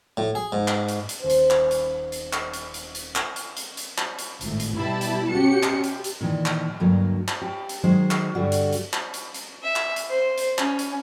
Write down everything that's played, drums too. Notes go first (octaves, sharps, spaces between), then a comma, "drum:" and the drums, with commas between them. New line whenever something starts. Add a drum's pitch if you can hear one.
A2
G#4
G#2
drum: clap
drum: hi-hat
drum: hi-hat
D#1 C5
drum: hi-hat
drum: clap
drum: hi-hat
drum: hi-hat
drum: clap
drum: hi-hat
drum: hi-hat
drum: hi-hat
drum: clap
drum: hi-hat
drum: hi-hat
drum: hi-hat
drum: clap
drum: hi-hat
G#1 A2, drum: hi-hat
drum: hi-hat
B2 G3 E4 G4 A5 B5
drum: hi-hat
C#4 F#4 G4 C#7
drum: clap
G4
drum: hi-hat
drum: hi-hat
A#2 D#3 E3
drum: clap
D2 G2 F#3 A#3
drum: clap
G4
drum: hi-hat
D#3 F#3 G#3 C5
drum: clap
G2 D3 G3 F#4
drum: hi-hat
drum: hi-hat
drum: clap
drum: hi-hat
drum: hi-hat
E5
drum: clap
drum: hi-hat
C5
drum: hi-hat
C#4, drum: clap
drum: hi-hat